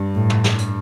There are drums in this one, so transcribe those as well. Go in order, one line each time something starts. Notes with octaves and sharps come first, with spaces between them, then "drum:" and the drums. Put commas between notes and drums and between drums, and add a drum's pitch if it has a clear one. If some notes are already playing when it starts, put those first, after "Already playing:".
Already playing: G2
A2
drum: tom
drum: snare
drum: hi-hat